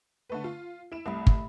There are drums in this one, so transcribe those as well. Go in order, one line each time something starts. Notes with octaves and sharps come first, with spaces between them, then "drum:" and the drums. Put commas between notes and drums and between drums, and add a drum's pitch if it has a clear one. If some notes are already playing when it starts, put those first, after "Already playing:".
D3 A3 B4
F4
E4 D7 E7
C2 A3 E5 B5
drum: kick